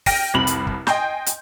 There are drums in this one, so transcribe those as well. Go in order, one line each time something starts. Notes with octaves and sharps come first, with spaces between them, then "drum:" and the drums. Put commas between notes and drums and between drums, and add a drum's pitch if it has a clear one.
G5 F6 A#6 D7 D#7, drum: kick, open hi-hat
F1 C2 C4 B5 F#7
drum: hi-hat
drum: kick
D#5 G5 G#5 C6 G6, drum: snare
drum: hi-hat